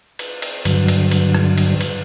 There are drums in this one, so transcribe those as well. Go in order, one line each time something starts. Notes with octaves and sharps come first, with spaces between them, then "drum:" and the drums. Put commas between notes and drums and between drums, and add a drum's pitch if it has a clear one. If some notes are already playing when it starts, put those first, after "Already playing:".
drum: cymbal
drum: cymbal
G2 D3 F#3, drum: cymbal
drum: cymbal
drum: cymbal
drum: rim click
drum: cymbal
drum: cymbal